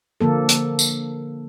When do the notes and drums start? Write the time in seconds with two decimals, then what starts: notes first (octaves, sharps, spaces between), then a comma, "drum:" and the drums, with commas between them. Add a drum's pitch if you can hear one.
0.21 D3 F3 A#3 A4
0.49 drum: hi-hat
0.79 drum: tambourine